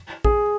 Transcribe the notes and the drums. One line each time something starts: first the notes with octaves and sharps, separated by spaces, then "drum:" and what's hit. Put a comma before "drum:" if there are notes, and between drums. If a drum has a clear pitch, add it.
G#4, drum: kick A1